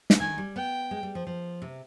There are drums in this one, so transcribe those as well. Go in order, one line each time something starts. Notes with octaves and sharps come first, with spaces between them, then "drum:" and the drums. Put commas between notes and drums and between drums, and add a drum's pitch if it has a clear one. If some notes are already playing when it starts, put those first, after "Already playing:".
drum: snare
D#3 G#5
G3
B3 G5
G#3
G3
F3
F3
C3